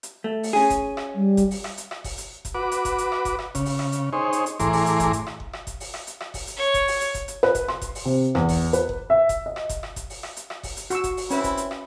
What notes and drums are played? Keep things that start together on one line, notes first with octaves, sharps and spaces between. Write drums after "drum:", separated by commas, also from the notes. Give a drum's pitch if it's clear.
drum: hi-hat
A3
drum: open hi-hat
C#4 G#4
drum: kick F#1, hi-hat
drum: rim click
G3
drum: kick F#1, hi-hat
drum: open hi-hat
drum: rim click
drum: hi-hat
drum: rim click
drum: kick F#1, open hi-hat
drum: hi-hat
drum: kick F#1, hi-hat
F#4 B4 D6
drum: hi-hat
drum: kick F#1, hi-hat
drum: hi-hat
drum: rim click
drum: kick F#1, hi-hat
drum: rim click
C#3, drum: kick F#1, hi-hat
drum: open hi-hat
drum: rim click
drum: hi-hat
D#4 G#4 C5 C#5
drum: hi-hat
drum: hi-hat
A2 E3 G#4 A#5 C6 D6, drum: kick F#1, hi-hat
drum: open hi-hat
drum: hi-hat
drum: kick F#1, hi-hat
drum: hi-hat
drum: rim click
drum: kick F#1
drum: rim click
drum: kick F#1, hi-hat
drum: open hi-hat
drum: rim click
drum: hi-hat
drum: rim click
drum: kick F#1, open hi-hat
drum: hi-hat
C#5
drum: kick F#1, hi-hat
drum: open hi-hat
drum: hi-hat
drum: kick F#1, hi-hat
drum: hi-hat
B4, drum: rim click
drum: kick F#1, hi-hat
C6, drum: rim click
drum: kick F#1, hi-hat
drum: open hi-hat
C3
E2, drum: rim click
drum: kick F#1, open hi-hat
B4, drum: hi-hat
drum: kick F#1
E5
drum: kick F#1, hi-hat
D#5
drum: rim click
drum: kick F#1, hi-hat
drum: rim click
drum: kick F#1, hi-hat
drum: open hi-hat
drum: rim click
drum: hi-hat
drum: rim click
drum: kick F#1, open hi-hat
drum: hi-hat
F#4 C#6 E6, drum: hi-hat
drum: kick F#1, hi-hat
drum: open hi-hat
C4 C#4 E4 B4 E5, drum: hi-hat
drum: kick F#1, hi-hat
drum: hi-hat
drum: rim click